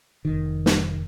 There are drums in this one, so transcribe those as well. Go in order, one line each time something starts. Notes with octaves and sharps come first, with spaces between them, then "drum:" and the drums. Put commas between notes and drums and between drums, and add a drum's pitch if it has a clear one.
F1 D#3
drum: snare